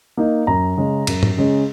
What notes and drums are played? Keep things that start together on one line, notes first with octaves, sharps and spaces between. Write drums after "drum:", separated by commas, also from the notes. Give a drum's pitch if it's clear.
A#3 D#4
F#2 A#5
C#3 G#3 C#4
F#2, drum: cymbal
drum: tom G#2
C#3 G#3 C#4